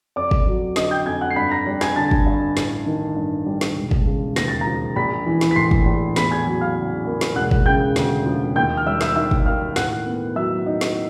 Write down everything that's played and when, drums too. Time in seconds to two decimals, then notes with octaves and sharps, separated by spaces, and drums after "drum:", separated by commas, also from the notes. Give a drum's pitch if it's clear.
0.16 F2 D5 D6
0.31 drum: kick
0.47 F#3
0.76 D3 D#5 D#6, drum: snare
0.91 G5 G6
1.06 F2 G#5 G#6
1.21 F#5 F#6
1.31 C7
1.36 G2 B5 B6
1.51 A#5 A#6
1.67 G3
1.81 G#5 G#6, drum: snare
1.96 D3 A5 A6
2.11 drum: kick
2.26 G2
2.57 A1, drum: snare
2.86 D#3
3.16 G2
3.46 G3
3.61 drum: snare
3.76 E1
3.91 drum: kick
4.07 C#3
4.36 D#2 A#6, drum: snare
4.48 A6
4.61 A#5 A#6
4.67 F3
4.96 A#1 B5 B6
5.26 E3
5.41 drum: snare
5.51 B6
5.56 A2 C6 C7
5.71 drum: kick
5.86 A#1
6.16 E2 B5 B6, drum: snare
6.31 G#5 G#6
6.46 F#3
6.61 F5 F6
6.76 C#3
7.06 A#3
7.21 drum: snare
7.36 E1 F#5 F#6
7.51 drum: kick
7.66 C#3 G5 G6
7.96 D2, drum: snare
8.26 F3
8.56 D#2 G5 G6
8.77 F6
8.86 G3 E5 E6
9.01 E5 E6, drum: snare
9.16 D#3 E5 E6
9.31 drum: kick
9.46 A#3 F5 F6
9.76 A2 F#5 F#6, drum: snare
10.06 B3
10.36 F#3 E5 E6
10.66 D#4
10.81 drum: snare